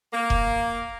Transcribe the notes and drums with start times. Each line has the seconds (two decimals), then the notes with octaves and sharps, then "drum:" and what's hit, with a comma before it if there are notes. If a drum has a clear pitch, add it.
0.13 A#3
0.30 drum: kick E1